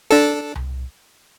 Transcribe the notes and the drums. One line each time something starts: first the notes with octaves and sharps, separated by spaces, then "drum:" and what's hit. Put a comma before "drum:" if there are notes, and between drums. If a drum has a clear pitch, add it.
D4 A4
drum: tom C2